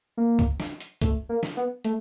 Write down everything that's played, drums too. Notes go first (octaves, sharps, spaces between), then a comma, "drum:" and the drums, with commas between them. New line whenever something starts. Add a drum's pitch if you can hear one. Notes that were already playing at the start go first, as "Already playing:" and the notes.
A#3
drum: kick C#2, hi-hat
drum: snare
drum: hi-hat
A3, drum: kick C#2, hi-hat
A#3
drum: snare
B3
A3, drum: hi-hat